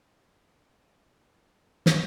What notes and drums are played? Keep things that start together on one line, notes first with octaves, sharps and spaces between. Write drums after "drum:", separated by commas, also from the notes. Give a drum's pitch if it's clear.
D#5 A5
drum: snare